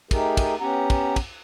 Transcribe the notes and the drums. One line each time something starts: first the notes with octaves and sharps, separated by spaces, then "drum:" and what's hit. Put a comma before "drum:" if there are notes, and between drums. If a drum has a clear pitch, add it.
A3 D#4 G4 G#4 A#4, drum: kick, cymbal
drum: kick, cymbal
B3 C#4 G4 F#5 A#5
drum: kick, cymbal
drum: kick, cymbal